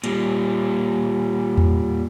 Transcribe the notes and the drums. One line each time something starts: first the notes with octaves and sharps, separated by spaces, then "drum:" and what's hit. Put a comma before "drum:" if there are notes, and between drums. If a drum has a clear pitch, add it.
A#2 G3, drum: hi-hat
drum: tom E2